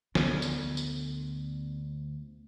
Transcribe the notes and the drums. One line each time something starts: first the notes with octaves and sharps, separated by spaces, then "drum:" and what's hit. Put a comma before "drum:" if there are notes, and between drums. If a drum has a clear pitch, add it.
D2 B3, drum: snare
drum: tambourine
drum: tambourine